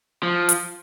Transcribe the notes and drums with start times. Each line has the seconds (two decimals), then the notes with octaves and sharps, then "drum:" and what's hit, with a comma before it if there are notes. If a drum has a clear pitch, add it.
0.23 F3
0.49 drum: hi-hat